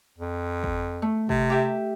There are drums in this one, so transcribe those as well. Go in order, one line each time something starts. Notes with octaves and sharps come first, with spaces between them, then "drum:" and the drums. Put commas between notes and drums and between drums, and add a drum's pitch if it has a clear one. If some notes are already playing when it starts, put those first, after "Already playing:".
F2
drum: kick
A3
C3, drum: kick
G4 E5